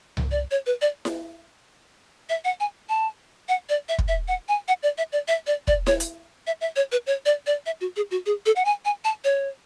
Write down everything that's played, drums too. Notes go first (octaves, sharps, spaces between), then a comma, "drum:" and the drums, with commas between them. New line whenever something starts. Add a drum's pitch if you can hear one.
drum: tom C2
D5
C#5
B4
D5
drum: snare E4
E5
F#5
G#5
A5
F#5
D5
E5
drum: kick
E5
F#5
G#5
F#5
D5
E5
D5
E5
D5
D5, drum: kick
C#5, drum: snare E4
drum: hi-hat
E5
E5
C#5
B4
C#5
D5
D5
E5
F#4
G#4
F#4
G#4
A4
F#5
G#5
G#5
A5
C#5